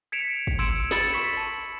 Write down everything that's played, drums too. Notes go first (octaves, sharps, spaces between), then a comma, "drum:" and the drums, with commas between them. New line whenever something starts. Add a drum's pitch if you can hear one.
G#6 B6 C#7 D7 E7 F7
drum: kick
C6 E6 G#6 C#7 D7 E7
B5 A6 C#7 E7 F#7, drum: snare
C#6 B6 E7
A5